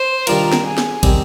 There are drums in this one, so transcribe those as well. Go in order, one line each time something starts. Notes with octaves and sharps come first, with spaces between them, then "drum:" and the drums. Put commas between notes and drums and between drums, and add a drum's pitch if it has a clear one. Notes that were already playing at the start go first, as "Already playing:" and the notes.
Already playing: C5
D#3 G3 D4 F4 A#4, drum: cymbal
drum: snare
G#4
drum: snare
D#3 G3 C4, drum: kick, cymbal